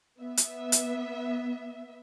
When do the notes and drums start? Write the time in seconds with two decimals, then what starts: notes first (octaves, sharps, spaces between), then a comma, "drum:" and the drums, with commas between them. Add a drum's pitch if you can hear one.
0.22 B3 E5
0.37 drum: hi-hat
0.72 drum: hi-hat